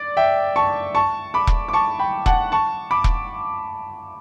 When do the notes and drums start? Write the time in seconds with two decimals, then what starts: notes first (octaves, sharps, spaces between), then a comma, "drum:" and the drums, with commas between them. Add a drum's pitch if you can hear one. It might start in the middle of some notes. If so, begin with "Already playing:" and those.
Already playing: D5
0.17 E5 G5
0.56 A5 C#6
0.95 A5 C#6
1.34 B5 D6
1.47 drum: kick E1
1.68 D6
1.73 A5 C#6
1.99 G5 B5
2.26 F#5 A5, drum: kick E1
2.52 A5 C#6
2.91 B5 D6
3.04 drum: kick E1